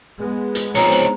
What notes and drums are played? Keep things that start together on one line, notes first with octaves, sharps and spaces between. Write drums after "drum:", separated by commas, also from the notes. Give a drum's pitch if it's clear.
G#3 B3
drum: hi-hat
F3 C4 D#4 C#5 A#5, drum: hi-hat
drum: hi-hat